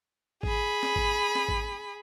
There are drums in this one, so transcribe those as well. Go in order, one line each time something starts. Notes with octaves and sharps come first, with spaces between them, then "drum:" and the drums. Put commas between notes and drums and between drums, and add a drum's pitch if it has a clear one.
G#4 B5, drum: kick A1
drum: snare
drum: kick A1
drum: snare
drum: kick A1